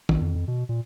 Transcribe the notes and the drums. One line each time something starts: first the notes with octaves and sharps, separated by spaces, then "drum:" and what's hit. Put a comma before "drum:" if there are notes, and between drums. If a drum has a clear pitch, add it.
A#1, drum: tom D#3
F2
F2
B2
A#2